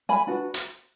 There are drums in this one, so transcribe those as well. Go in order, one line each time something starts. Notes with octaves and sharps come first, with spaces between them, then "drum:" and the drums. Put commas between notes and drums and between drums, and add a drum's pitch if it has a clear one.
G#5 B5
D4 F#4 B4
drum: hi-hat